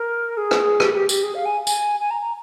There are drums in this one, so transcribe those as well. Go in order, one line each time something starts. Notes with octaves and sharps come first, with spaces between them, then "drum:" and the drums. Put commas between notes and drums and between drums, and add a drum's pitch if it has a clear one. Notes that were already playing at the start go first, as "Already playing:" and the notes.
Already playing: A#4
G#4
drum: rim click
G4, drum: rim click
G4
G4, drum: tambourine
G#4
F5
G#5
G#5, drum: tambourine
G#5
A#5
A#5